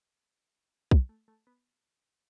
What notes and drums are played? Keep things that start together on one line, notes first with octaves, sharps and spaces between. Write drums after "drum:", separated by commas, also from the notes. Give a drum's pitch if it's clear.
F#3, drum: kick
A3
A3
B3